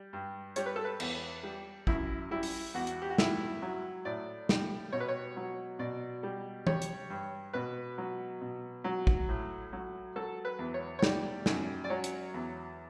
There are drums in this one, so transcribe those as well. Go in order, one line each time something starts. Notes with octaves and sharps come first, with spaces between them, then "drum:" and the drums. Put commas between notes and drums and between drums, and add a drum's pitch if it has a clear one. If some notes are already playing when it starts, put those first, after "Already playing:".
Already playing: G3
G2
G3 C#5, drum: hi-hat
B4
A4
B4
E2, drum: cymbal
G3
F#2 E4, drum: kick
G3 E4
drum: open hi-hat
E2 F#4
drum: hi-hat
G4
F#4
G2 E4, drum: snare
F#3
A2 D5
G3, drum: snare
B2 C#5
B4
C#5
F#3
B2 D5
G3
G3 C#5, drum: tom
drum: hi-hat
G2
B2 B4
F#3
B2
F#3
drum: kick
A2
F#3
F#3 A4
B4
E2
C#5
C#5
G3 D5, drum: snare
F#2, drum: snare
D5
F#3 C#5
drum: hi-hat
E2